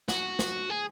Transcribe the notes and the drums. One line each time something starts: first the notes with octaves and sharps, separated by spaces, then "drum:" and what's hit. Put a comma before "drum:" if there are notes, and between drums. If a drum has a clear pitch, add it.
F#4, drum: snare
drum: snare
G#4